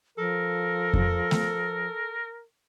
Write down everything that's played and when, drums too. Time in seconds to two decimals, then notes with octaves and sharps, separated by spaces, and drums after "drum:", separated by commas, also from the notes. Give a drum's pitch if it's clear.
0.18 F3 A4 A#4
0.94 drum: kick F2
1.31 drum: snare A3